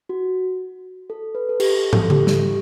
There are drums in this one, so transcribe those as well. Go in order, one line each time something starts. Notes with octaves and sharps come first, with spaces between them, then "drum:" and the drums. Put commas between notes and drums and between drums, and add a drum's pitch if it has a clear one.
F#4
A4
B4
A4
G4, drum: cymbal
A4, drum: tom
G4, drum: tom C#3
drum: snare